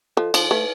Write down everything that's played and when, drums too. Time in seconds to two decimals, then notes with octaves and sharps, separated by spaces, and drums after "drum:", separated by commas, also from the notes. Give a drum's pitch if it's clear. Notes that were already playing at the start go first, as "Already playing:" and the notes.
0.17 F3 A4
0.34 F3, drum: cymbal
0.51 A3 B4